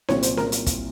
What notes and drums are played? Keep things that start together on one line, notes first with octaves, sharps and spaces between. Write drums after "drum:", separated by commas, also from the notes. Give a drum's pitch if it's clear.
C2 A#2 F#3 C4 C#5, drum: snare C#4
C5, drum: hi-hat
A#4, drum: snare C#4
drum: hi-hat
drum: kick, hi-hat